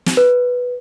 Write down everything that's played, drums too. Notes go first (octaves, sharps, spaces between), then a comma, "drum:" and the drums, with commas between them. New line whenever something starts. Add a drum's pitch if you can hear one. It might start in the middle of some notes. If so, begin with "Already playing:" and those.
drum: snare
B4